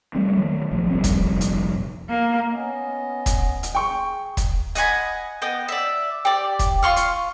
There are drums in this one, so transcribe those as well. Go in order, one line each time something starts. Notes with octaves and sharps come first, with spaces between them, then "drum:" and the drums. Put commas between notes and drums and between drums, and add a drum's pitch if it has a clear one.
G3 A3 C4
D#3 F#3 A3
A#1 F3 A3
F1 A#1 G3 C4
drum: kick, hi-hat
drum: hi-hat
A#3
B3 C#4 D#5
drum: kick, hi-hat
drum: hi-hat
G#4 G5 C#6
drum: kick, hi-hat
D#5 F#5 G#5 B5, drum: hi-hat
B3 D#5 G5
D5 E5
G4 D5
drum: kick, hi-hat
F4 C6 C#6 F6
drum: hi-hat